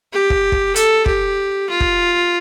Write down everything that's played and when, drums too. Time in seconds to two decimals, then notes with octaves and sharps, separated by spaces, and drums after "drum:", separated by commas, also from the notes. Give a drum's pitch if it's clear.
0.13 G4
0.30 drum: kick
0.52 drum: kick
0.76 A4, drum: hi-hat
1.06 G4, drum: kick
1.70 F4
1.80 drum: kick